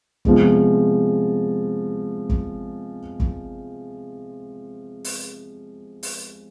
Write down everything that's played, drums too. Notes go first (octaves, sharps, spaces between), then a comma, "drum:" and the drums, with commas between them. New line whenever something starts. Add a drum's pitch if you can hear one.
C3 F3 G#3 B3, drum: kick
drum: kick
drum: kick
drum: open hi-hat
drum: open hi-hat